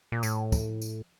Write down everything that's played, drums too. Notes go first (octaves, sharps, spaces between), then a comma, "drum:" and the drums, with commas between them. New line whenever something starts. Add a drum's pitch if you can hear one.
A#2
A2, drum: tambourine
drum: kick, tambourine
drum: tambourine